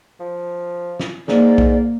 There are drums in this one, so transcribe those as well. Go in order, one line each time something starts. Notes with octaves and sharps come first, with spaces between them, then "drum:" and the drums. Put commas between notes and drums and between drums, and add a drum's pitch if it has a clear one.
F3
drum: snare
G#2 A#3 D5, drum: snare
drum: kick B1